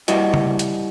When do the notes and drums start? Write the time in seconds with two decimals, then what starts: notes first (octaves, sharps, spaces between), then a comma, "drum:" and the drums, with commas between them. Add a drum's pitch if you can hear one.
0.08 G3 E4 F#4 D#5, drum: hi-hat
0.34 drum: tom C#3
0.59 drum: hi-hat